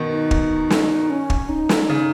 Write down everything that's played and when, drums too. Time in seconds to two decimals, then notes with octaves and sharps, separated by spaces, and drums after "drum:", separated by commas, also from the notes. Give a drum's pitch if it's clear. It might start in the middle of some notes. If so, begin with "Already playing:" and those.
Already playing: B2 D#3
0.11 D#4
0.31 drum: kick
0.70 drum: snare
1.10 C#4
1.30 drum: kick
1.49 D#4
1.69 drum: snare
1.90 C#3